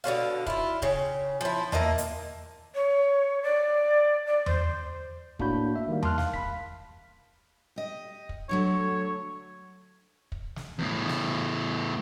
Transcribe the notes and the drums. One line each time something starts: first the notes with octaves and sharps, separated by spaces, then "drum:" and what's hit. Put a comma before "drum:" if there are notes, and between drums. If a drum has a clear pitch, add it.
B2 D3 C#4 F5
E4 F4, drum: kick
C#3 G5, drum: kick
F3 E4
A#3 E4 D#5 A5, drum: tom E2
drum: hi-hat
C#5
D5
D5
C5, drum: tom E2
A2 A#3 D4 F#4 B5 G6, drum: kick
E5
D#3 G3 A#3
A5 C6 F6 F#6, drum: tom E2
F5, drum: snare
B5 B6, drum: kick
G4 D#5
drum: kick
D3 F#3 A3 C#5
drum: kick
drum: snare
E2 A2
drum: snare